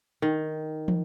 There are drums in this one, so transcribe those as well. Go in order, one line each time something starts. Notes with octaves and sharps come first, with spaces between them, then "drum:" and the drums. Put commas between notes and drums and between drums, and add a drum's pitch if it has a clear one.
D#3
drum: tom